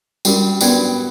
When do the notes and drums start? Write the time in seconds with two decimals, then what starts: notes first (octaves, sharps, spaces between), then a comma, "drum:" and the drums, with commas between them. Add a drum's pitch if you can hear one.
0.25 G3 C#4 F#4 A#4, drum: tambourine
0.61 B3 C#4 F#4 A#4 D5 G5, drum: tambourine